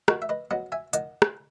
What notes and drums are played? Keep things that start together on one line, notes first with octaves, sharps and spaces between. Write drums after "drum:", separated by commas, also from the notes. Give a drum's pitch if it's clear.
D#3 F#4 A#4, drum: rim click
E5
B4 D#5
F#3 B3 D#5 F#5
E5 G#5
D#3 D#5 F#5, drum: hi-hat
drum: rim click